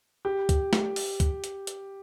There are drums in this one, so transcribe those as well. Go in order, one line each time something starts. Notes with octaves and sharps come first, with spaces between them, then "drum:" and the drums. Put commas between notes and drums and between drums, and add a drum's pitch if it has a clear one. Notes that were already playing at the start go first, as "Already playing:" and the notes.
G4
drum: kick, hi-hat
drum: snare
drum: open hi-hat
drum: kick, hi-hat
drum: hi-hat
drum: hi-hat